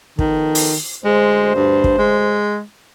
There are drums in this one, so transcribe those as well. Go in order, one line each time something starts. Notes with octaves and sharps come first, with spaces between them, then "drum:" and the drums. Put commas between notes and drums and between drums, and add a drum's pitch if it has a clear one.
D#3 F3 B3 A4, drum: kick
drum: open hi-hat
D2 G#3 C5
G2
drum: kick
G#3